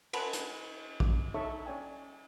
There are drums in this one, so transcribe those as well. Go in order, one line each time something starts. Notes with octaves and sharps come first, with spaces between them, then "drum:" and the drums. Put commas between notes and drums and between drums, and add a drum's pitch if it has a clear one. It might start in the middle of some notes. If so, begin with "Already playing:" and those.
B4 F#5 G#5 A5 B5 C6, drum: cymbal
drum: hi-hat
D6, drum: kick A#1
D#4 A4 C#5 E5 C#6
C#4 C#5 D5 G5 G#5